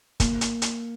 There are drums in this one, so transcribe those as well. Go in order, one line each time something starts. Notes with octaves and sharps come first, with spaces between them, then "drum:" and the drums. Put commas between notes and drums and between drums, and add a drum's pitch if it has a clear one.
A#3, drum: kick, hi-hat
drum: hi-hat
drum: hi-hat